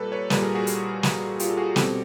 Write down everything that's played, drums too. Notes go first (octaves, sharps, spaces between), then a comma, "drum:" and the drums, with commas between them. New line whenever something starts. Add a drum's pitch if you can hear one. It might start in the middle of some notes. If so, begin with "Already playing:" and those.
Already playing: A#2 G3 A#3 A4 B4
B4 C#5
A#2 G3 A#3 A4 B4, drum: snare
G#4 A#4
F#4 G#4
drum: hi-hat
drum: snare
F4 G4, drum: hi-hat
A4
F#4 G#4
B2 G3 C4 G4 A4, drum: snare